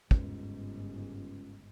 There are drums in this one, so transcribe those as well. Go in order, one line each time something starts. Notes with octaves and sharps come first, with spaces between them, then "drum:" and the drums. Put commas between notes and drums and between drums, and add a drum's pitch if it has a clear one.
G1 C#2 G#2, drum: kick